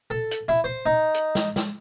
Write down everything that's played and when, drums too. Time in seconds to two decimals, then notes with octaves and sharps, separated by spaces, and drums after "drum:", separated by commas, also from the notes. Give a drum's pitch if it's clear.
0.10 A4
0.31 drum: hi-hat
0.48 E4
0.64 C5
0.86 D#4
1.14 drum: hi-hat
1.35 drum: snare
1.56 drum: snare